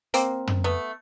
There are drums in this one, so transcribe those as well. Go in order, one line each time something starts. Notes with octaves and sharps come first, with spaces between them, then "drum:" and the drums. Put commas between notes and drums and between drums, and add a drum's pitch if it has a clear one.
A#3 C4, drum: hi-hat
drum: tom
A3 B3